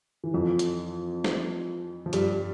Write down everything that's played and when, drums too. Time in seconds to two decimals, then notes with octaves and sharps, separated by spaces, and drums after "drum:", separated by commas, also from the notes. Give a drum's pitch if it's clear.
0.24 E3
0.34 F2 F3
0.59 drum: hi-hat
1.24 drum: snare
2.06 F3
2.13 G2 G3, drum: hi-hat